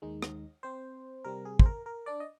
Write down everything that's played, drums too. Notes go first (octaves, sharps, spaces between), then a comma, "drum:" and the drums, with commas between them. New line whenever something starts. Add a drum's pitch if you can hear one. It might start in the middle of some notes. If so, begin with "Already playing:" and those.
D#2 D#3 G#3 D#4
drum: rim click
C4 C5
C3 G3 C4 A#4
G#4
C5, drum: kick
A#4
A#4
D4 D5
D#5